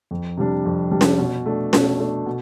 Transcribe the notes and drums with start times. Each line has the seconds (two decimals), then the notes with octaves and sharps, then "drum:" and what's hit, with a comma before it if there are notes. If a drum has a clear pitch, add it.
0.11 F2
0.37 C3 G3 D4
0.65 F2
0.91 C3 G3 D4
1.01 drum: snare C#4
1.18 B2
1.46 A3 D4
1.73 B2, drum: snare C#4
1.99 A3 D4
2.26 B2